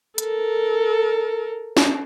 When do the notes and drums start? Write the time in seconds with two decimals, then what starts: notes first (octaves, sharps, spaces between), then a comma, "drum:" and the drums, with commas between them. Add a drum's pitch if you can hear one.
0.18 A4 A#4, drum: hi-hat
1.77 drum: snare